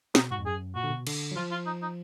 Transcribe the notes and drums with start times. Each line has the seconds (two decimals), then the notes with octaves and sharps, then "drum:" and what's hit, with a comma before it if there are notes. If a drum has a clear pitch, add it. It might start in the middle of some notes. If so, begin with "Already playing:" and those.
0.15 B2 D#4, drum: snare
0.31 G#2 F#4
0.39 F2
0.46 F#2 G#4
0.75 A#2 F#4
0.84 D3
0.90 B2
1.07 D3, drum: cymbal
1.32 F#3
1.36 F3 F4
1.51 F4
1.66 D#4
1.82 D#4